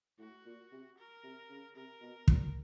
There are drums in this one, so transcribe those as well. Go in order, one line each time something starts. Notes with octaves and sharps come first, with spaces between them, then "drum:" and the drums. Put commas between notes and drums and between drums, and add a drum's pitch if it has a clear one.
A2 F#4
A#2
C3
A#4
C3
C#3
C3 A#4
B2
A#2, drum: kick